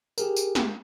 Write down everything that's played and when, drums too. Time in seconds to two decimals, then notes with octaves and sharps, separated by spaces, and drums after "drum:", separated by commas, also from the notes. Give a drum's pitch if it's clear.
0.18 G4 G#4 A#4, drum: tambourine
0.36 drum: tambourine
0.55 drum: snare